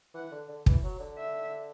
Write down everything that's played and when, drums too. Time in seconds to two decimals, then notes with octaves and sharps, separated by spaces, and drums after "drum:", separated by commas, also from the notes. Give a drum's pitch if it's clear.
0.15 E3 F#5
0.32 D3
0.49 D3
0.66 E3, drum: kick
0.83 F#3
1.00 D3
1.17 E5